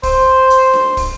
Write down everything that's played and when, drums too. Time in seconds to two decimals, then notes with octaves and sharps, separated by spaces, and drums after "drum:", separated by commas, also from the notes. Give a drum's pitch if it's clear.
0.03 C5, drum: kick, open hi-hat
0.50 drum: hi-hat
0.74 drum: snare D4
0.97 drum: kick, open hi-hat